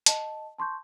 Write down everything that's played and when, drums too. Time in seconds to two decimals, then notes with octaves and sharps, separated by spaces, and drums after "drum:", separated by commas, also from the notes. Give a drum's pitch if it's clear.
0.06 D#5 A5, drum: hi-hat
0.58 A5 C6 C#6 G6